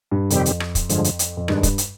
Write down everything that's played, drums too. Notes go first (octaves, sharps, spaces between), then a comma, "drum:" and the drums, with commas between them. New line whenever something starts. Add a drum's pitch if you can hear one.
G2
F2 C3 D#3 G3 C4 G4, drum: hi-hat
drum: hi-hat
drum: rim click
drum: kick, hi-hat
G2 D3 F3 G#3, drum: hi-hat
drum: hi-hat
drum: hi-hat
F2
G2 D#3 G#3 D4, drum: rim click
drum: kick, hi-hat
drum: hi-hat